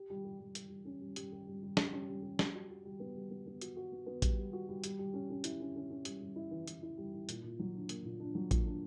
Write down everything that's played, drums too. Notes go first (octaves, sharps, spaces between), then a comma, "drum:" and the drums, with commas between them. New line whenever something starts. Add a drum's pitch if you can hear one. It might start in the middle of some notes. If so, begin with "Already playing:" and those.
Already playing: G4
G3
G4
G3
G4, drum: hi-hat
G3
C#4
G3
G3, drum: hi-hat
G4
G3
G3
G3, drum: snare
C#4
G3
G4
G3, drum: snare
F#4
F#4
G3
B3
G3
B3
B3
F#4, drum: hi-hat
F#4
B3
B3
G3, drum: kick, hi-hat
G3
F#4
G3
G3, drum: hi-hat
G3
C#4
C#4
E4, drum: hi-hat
C#4
C#4
C#4
G3, drum: hi-hat
G3
E4
E3
E3, drum: hi-hat
E4
G3
E4
A#2, drum: hi-hat
A#2
F#3
D4
A#3, drum: hi-hat
A#2
D4
F#3
A#2, drum: kick, hi-hat
D4